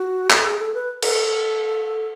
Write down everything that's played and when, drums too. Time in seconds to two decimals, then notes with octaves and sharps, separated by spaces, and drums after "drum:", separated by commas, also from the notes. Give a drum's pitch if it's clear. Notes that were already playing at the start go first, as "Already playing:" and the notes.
Already playing: F#4
0.30 A4, drum: clap
0.44 G#4
0.59 A4
0.74 B4
1.02 A4, drum: cymbal